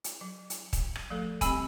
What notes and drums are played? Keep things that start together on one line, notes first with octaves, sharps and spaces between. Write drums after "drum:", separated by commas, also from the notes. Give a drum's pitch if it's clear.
drum: hi-hat
F#3
drum: hi-hat
drum: kick, hi-hat
drum: rim click
F3 A3 A4
G3 C4 G4 G#5 B5 E6, drum: kick, hi-hat